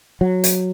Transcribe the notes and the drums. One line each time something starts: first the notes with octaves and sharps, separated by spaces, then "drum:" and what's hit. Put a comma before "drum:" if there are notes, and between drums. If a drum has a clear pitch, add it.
F#3
drum: hi-hat